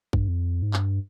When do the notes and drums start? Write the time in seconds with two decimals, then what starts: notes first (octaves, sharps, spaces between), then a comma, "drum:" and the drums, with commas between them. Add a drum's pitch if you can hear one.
0.13 G2, drum: kick G#1
0.28 F2
0.62 G#2
0.74 G2, drum: clap